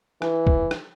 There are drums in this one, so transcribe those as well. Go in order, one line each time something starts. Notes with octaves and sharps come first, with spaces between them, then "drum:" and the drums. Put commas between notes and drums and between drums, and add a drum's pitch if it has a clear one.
E3, drum: rim click
drum: kick
drum: rim click